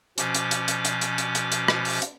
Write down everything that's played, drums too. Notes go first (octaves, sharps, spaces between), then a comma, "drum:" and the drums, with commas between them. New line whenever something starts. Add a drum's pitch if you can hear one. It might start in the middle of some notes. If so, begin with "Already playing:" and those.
B2 F3 C#4 D6, drum: hi-hat
drum: hi-hat
drum: hi-hat
drum: hi-hat
drum: hi-hat
drum: hi-hat
drum: hi-hat
drum: hi-hat
drum: hi-hat
drum: rim click
drum: open hi-hat
drum: hi-hat